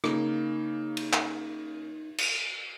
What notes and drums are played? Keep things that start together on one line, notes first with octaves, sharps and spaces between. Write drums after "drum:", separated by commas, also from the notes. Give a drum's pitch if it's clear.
C#3 A#3 D#4, drum: rim click
drum: cymbal
drum: clap
drum: cymbal